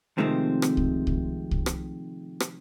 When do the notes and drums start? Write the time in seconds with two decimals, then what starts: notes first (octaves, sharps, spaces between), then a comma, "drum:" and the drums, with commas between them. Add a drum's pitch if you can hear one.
0.18 C3 D#3 F3 G#3 A3 C4
0.62 drum: rim click
0.77 drum: kick C2
1.07 drum: kick C2
1.51 drum: kick C2
1.66 drum: rim click
2.40 drum: rim click